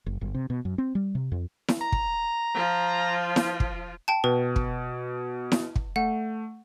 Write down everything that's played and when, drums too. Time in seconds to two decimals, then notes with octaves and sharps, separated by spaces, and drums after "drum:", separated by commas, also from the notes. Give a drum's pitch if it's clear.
0.06 F#1
0.21 G1
0.35 C3
0.50 B2
0.65 F#2
0.78 C4
0.95 G3
1.15 C3
1.32 F2
1.68 drum: snare E4
1.81 A#5
1.92 drum: kick
2.54 F3 F4
3.36 drum: snare E4
3.60 drum: kick
4.08 G5 A5
4.24 B2 B4
4.56 drum: kick
5.52 drum: snare E4
5.76 drum: kick
5.96 A3 F#5